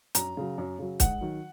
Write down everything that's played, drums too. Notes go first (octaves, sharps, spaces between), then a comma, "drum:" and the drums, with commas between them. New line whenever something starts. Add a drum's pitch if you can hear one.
F#2 A#5, drum: hi-hat
C#3 F#3
F#2
C#3 F#3
G#2 F#5, drum: kick, hi-hat
D#3 F#3